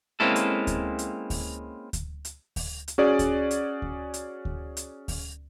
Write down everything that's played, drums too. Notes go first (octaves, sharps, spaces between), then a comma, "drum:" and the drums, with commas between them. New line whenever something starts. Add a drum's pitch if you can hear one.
G#3 A#3 C4 C#4 E4 A4
drum: hi-hat
drum: kick D2, hi-hat
drum: hi-hat
drum: kick D2, open hi-hat
drum: kick D2, hi-hat
drum: hi-hat
drum: kick D2, open hi-hat
drum: hi-hat
C#4 F#4 G#4 D5
drum: kick D2, hi-hat
drum: hi-hat
drum: kick D2
drum: hi-hat
drum: kick D2
drum: hi-hat
drum: kick D2, open hi-hat